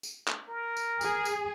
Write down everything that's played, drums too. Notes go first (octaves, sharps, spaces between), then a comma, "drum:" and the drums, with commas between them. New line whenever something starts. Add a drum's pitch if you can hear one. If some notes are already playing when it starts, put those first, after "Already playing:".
drum: tambourine
drum: clap
A#4
drum: tambourine
G#4, drum: tambourine
drum: tambourine